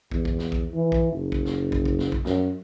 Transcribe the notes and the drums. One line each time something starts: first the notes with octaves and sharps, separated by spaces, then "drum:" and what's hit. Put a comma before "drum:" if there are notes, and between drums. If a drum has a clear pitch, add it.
E2, drum: kick
drum: kick
drum: snare
drum: kick
E3
drum: kick
F#1
drum: kick
drum: snare
drum: kick
drum: kick
drum: snare
drum: kick
F#2, drum: snare